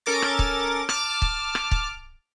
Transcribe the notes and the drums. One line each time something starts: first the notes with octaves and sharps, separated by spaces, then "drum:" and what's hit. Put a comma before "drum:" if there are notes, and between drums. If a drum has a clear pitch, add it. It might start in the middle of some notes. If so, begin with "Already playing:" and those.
C#4 A4 A#4 D6 A6
drum: rim click
drum: kick
A5 D6 F6, drum: rim click
drum: kick
drum: rim click
drum: kick